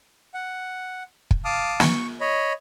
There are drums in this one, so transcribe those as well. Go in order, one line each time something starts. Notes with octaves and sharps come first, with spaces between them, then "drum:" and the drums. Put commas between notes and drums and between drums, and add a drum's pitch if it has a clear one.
F#5
drum: kick
F5 A5 D6 D#6 F6
C#6, drum: snare
C#5 D#5 B5